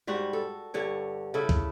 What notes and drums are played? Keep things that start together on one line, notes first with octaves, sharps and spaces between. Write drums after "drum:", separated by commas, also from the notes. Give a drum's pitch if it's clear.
G#2 G3 F#4
A4
G2 D3 C#5
C#3 E4 A4
drum: kick